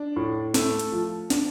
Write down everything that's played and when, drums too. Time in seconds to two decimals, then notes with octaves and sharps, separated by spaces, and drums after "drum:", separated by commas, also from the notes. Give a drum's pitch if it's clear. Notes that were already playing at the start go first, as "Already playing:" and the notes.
Already playing: D4
0.16 A2
0.54 A3, drum: snare
0.79 drum: hi-hat
0.92 F3
1.30 D4, drum: snare